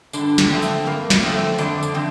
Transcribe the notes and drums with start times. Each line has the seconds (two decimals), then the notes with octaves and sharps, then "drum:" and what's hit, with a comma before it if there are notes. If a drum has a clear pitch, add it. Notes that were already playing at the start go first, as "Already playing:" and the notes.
0.13 G2 D3 D4, drum: tambourine
0.38 drum: snare
0.50 D3 F3 A3 C4
0.62 drum: tambourine
0.86 G2 A#3
1.10 drum: snare
1.22 D3 F3 A3 C4
1.58 F2 D3 D4, drum: tambourine
1.83 drum: tambourine
1.94 D3 F3 A3 C4